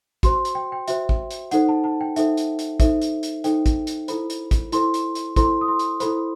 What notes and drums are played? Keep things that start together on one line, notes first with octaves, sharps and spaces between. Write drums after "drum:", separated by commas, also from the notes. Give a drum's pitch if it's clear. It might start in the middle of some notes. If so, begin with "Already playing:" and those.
F#4 C5 C6, drum: kick, hi-hat
drum: hi-hat
G5
G5
F#4 C5 E5, drum: hi-hat
drum: kick
drum: hi-hat
D#4 A4 C5 F#5, drum: hi-hat
A5
A5
G5
D#4 A4 C5 E5, drum: hi-hat
drum: hi-hat
drum: hi-hat
D#4 A4 C5 E5, drum: kick, hi-hat
drum: hi-hat
drum: hi-hat
D#4 A4 C5 G5, drum: hi-hat
drum: kick, hi-hat
drum: hi-hat
E4 A4 C5 B5, drum: hi-hat
drum: hi-hat
drum: kick, hi-hat
E4 A4 C5 C6, drum: hi-hat
drum: hi-hat
drum: hi-hat
E4 A4 C5 C6, drum: kick, hi-hat
D#6
C6
drum: hi-hat
E4 A4 C5 B5, drum: hi-hat